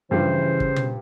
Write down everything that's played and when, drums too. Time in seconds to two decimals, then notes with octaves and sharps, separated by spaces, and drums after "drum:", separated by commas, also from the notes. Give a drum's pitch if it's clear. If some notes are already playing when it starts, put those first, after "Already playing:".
0.11 G2 C#3 E3 F3 G3 C5
0.60 drum: kick
0.76 drum: tom